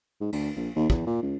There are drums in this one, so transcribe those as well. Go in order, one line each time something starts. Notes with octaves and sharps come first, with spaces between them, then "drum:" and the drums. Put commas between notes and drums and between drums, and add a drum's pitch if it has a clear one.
G#2
D2, drum: cymbal
A#1
D#2
E2, drum: kick
A#2
C#2